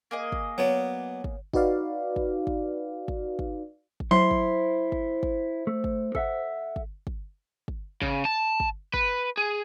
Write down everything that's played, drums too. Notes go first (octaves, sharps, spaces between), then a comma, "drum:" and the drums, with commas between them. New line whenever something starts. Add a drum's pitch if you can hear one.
A#3 G#4 D#5
drum: kick
F#3 B3 C#5 D5
drum: kick
D#4 F#4 B4 D5 F5, drum: kick
drum: kick
drum: kick
drum: kick
drum: kick
drum: kick
F#3 E4 C5 C6
drum: kick
drum: kick
drum: kick
A3
drum: kick
A4 E5 F#5, drum: kick
drum: kick
drum: kick
drum: kick
C#3, drum: kick
A5
drum: kick
B4, drum: kick
G#4